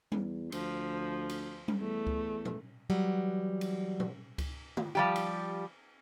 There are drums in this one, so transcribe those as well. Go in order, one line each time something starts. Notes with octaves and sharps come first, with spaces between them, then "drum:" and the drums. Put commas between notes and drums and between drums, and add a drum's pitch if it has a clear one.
E2, drum: tom G3
D2 F3, drum: cymbal
drum: cymbal
drum: tom G3
E2 A3
drum: kick C#2
drum: tom
E3 F#3 G3 F#5
drum: cymbal
drum: tom
drum: kick C#2, cymbal
drum: tom
F3 G3 G4
drum: cymbal